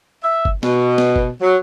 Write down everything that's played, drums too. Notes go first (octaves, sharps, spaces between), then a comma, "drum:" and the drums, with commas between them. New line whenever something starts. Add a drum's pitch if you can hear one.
E5
drum: kick G1
B2, drum: snare B3
drum: snare B3
drum: kick G1
F#3